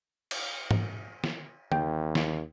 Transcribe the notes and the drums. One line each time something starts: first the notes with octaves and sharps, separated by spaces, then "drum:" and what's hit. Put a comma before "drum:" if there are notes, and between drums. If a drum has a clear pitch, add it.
drum: cymbal
drum: tom G#2
drum: snare
D#2 G5, drum: tom
drum: snare